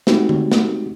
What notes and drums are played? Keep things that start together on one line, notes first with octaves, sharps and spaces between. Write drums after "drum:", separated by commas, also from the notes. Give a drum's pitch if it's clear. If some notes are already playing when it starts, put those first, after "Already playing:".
G#3 A3 C4 D#4 F#4 G4, drum: snare
drum: tom D3
drum: snare